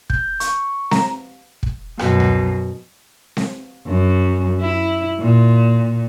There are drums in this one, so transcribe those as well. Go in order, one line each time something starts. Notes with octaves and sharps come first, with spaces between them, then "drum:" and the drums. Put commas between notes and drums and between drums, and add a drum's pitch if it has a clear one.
G6, drum: kick
C#6, drum: hi-hat
A#5, drum: snare C4
drum: kick
F#2 B2, drum: rim click
drum: tom C#2
drum: snare C4
F#2
E4
A#2